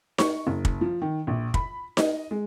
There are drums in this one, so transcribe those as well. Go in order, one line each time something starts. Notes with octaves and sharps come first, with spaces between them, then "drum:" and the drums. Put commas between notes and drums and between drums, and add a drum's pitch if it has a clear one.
C#6, drum: snare D#4
F#1
drum: kick
F3
D#3
A#1
B5, drum: kick
D#5, drum: snare D#4
G#3